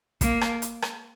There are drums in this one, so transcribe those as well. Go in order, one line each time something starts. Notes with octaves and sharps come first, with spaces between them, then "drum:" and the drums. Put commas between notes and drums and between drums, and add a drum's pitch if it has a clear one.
A#3, drum: kick, hi-hat
drum: rim click
drum: hi-hat
drum: rim click